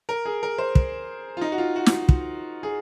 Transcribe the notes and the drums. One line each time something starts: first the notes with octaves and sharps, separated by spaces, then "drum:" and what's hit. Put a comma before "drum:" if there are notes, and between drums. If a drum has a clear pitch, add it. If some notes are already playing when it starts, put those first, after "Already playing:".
A#4
G#4
A#4
C5
drum: kick
F4
D#4
F#4
F4
F#4
drum: snare
drum: kick
G#4